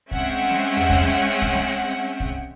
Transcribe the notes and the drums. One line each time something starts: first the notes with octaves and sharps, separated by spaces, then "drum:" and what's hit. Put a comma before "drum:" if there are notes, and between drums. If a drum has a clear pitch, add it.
G#3 C4 C#4 E5 F#5 G5, drum: kick B1
drum: snare C4
drum: tom E2
drum: kick B1
drum: snare C4
drum: kick B1
drum: snare C4
drum: kick B1